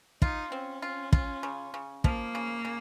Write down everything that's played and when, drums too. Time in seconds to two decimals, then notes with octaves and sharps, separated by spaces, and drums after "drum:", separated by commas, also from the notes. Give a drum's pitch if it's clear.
0.22 D#4 F4, drum: kick
0.52 C4 C#4
0.82 F4
1.13 F4, drum: kick
1.43 C#3
1.74 C#3
2.04 F3 A#3, drum: kick
2.35 C#3
2.65 C#3